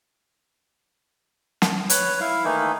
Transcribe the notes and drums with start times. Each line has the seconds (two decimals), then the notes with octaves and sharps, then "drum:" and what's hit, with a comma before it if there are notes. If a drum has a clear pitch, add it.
1.62 drum: snare
1.90 B4 C#5, drum: hi-hat
2.21 E4 F5
2.44 D#3 E3 A3 A#3 D#4